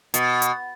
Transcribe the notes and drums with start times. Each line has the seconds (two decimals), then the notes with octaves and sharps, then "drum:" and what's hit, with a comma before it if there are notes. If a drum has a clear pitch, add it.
0.14 B2, drum: hi-hat
0.42 drum: hi-hat